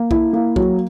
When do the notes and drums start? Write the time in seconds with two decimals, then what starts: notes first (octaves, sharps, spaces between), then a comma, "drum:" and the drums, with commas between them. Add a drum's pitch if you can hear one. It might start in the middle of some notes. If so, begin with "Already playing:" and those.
Already playing: A#3
0.11 E4, drum: kick
0.33 A#3
0.56 F#3, drum: kick